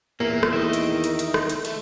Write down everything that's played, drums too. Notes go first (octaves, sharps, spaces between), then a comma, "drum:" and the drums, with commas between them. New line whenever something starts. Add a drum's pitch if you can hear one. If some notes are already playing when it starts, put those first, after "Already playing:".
E2 A#2 A#3 E4
drum: rim click
D#3 D#5 E5
drum: hi-hat
drum: hi-hat
drum: hi-hat
drum: rim click
drum: hi-hat
A3, drum: hi-hat